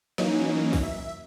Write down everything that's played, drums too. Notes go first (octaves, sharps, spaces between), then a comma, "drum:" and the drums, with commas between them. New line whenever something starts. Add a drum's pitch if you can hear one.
E3 F#3 A#3 C#4 D#4, drum: snare
drum: kick, open hi-hat
E5